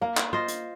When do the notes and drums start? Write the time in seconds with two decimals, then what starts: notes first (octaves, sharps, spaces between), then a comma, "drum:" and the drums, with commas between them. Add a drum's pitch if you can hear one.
0.01 A#3 F5
0.17 drum: clap
0.33 F4 C5 D#5
0.48 drum: hi-hat